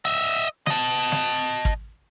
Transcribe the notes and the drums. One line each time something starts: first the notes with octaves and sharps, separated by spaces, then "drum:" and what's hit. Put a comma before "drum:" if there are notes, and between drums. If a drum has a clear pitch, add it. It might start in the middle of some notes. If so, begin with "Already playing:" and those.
D#5 E5
D#5 A5, drum: snare
drum: snare
drum: kick